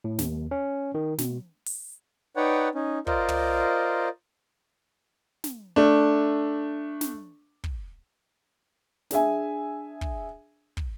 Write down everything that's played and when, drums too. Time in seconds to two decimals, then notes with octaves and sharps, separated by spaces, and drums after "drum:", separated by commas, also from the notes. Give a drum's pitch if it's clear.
0.04 A2
0.19 D#2, drum: snare
0.51 C#4
0.95 D#3
1.18 B2, drum: snare
1.66 drum: open hi-hat
2.36 D#4 B4 C#5 D5 F#5 G5
2.75 C#4 D#4
3.07 F4 A#4 C5 D5 D#5, drum: kick
3.28 drum: tom
5.44 drum: snare
5.76 A3 D4
7.01 drum: snare
7.64 drum: kick
9.11 D4 G#4 E5 G#5, drum: snare
10.01 drum: kick
10.77 drum: kick